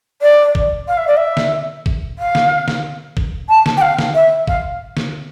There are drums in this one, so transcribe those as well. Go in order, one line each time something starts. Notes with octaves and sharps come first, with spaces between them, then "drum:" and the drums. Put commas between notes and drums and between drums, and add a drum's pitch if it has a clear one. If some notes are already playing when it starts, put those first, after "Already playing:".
D5
drum: kick
F5
E5
D5
E5
drum: snare
drum: kick
F5
drum: snare
drum: snare
drum: kick
A5
drum: snare
G5
F5
drum: snare
E5
F5, drum: kick
drum: snare